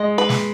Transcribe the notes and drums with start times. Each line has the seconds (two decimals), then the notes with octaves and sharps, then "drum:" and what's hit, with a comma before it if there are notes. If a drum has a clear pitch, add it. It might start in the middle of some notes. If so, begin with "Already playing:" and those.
Already playing: G#3 D#5
0.18 B4
0.29 drum: snare